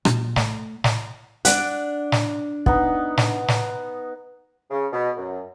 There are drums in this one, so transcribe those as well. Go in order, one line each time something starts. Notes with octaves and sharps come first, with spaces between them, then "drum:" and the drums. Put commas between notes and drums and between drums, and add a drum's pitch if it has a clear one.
A#2, drum: rim click
A3, drum: snare
C#4, drum: snare
D4 D5 F#5, drum: hi-hat
drum: snare
B3 D#4, drum: kick
drum: snare
drum: snare
C#3
B2
F#2